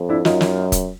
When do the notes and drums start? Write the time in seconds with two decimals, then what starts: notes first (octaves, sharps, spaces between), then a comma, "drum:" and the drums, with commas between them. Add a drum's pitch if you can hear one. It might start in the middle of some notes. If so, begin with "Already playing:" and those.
Already playing: F2
0.09 D4 E4
0.25 F#2 D#4 F4, drum: snare
0.41 drum: snare
0.72 drum: kick, hi-hat